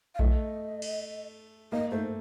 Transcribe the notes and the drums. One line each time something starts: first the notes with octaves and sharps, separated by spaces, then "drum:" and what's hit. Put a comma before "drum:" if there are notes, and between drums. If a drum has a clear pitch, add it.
F5
A3 D#5, drum: kick A#1
drum: cymbal
A#3 D#5
A3 C5